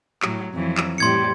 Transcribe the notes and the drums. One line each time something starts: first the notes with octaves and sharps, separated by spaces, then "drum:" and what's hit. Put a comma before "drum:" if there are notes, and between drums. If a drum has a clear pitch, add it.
A2 F#3, drum: clap
F2 E3 F#3
drum: clap
F2 A2 G3 C6 G#6 C#7